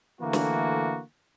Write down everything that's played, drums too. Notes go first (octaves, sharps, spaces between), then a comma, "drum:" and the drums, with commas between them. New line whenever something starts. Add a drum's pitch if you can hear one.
D3 E3 A3 A#3 F#4
drum: snare